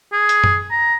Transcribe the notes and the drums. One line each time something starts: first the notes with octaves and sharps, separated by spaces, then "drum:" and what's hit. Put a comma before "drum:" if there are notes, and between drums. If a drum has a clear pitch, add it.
G#4
drum: hi-hat
drum: tom F#2
A#5